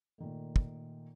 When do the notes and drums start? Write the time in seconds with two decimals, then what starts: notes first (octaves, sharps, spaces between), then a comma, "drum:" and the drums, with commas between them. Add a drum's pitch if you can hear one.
0.18 A#2 D#3 A3
0.56 drum: kick